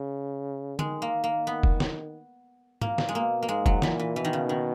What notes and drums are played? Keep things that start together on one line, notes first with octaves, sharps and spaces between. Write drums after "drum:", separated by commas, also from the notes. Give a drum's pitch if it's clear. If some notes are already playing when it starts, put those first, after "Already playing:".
Already playing: C#3
D#3 G#3, drum: tom D3
A#3
A#3
B3
drum: kick F1
drum: snare
A#3, drum: tom G#2
drum: snare
G#3
B2 A#3
A#3
G#2 G#3
F#3, drum: kick F1
A#2 E3, drum: snare
E3
B2 E3
D#3
C#3
D#3